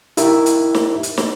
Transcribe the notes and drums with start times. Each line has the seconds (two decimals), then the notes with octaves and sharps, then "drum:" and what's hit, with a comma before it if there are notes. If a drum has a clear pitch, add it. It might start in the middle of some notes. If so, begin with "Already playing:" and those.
0.17 D#4 E4 G4 A#4 E5, drum: hi-hat
0.46 drum: hi-hat
0.75 drum: snare
1.03 drum: hi-hat
1.17 drum: snare